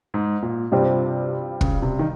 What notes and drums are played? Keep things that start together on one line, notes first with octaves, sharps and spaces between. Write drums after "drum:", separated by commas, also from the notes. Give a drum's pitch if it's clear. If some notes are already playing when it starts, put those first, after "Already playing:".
G#2
A#2
G2 C3 G3 C4 F4 C5
C#3, drum: kick
C3
D#3